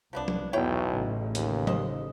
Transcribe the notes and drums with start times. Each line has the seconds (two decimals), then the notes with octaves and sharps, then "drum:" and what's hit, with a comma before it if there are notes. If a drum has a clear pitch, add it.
0.13 C2 F3 B3 D4
0.28 drum: tom F3
0.53 B1 E2 E4 C#5 G5
0.87 A1 C#3
1.35 D#2, drum: hi-hat
1.67 C5 D#5, drum: tom F3